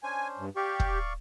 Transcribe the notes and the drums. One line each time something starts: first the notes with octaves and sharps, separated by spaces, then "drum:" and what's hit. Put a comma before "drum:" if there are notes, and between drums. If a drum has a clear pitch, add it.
C#4 D4 C5 G#5
G2
G4 D5 F5 C#6
drum: kick